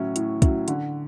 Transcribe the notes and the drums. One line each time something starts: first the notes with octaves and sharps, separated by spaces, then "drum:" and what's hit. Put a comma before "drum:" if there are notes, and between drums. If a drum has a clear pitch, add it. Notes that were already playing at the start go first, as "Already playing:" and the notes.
Already playing: A2 F#3 C#4 E4
A2, drum: hi-hat
F#3 C#4 E4, drum: kick, hi-hat
D3, drum: hi-hat